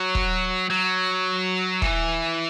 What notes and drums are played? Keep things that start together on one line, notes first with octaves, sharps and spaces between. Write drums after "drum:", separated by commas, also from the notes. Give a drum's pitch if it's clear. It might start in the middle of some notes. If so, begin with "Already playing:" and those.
Already playing: F#3
drum: kick
F#3
E3, drum: kick